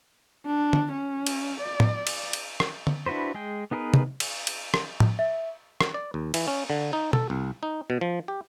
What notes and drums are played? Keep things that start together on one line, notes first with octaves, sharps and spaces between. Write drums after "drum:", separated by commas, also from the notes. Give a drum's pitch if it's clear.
D4
drum: tom
C#4
drum: cymbal
D5
drum: tom
drum: cymbal
drum: cymbal
drum: rim click
drum: tom
D4 E4 F#4 B4 C5
G#3 G#4 G5
B3 D#4 G#4 A#4 B4
drum: tom
drum: cymbal
drum: cymbal
drum: rim click
drum: tom
E5
drum: rim click
D5
D#2
E3, drum: cymbal
C#4
D3
D#4
A4, drum: tom
C2
D#4
B2
F3
G4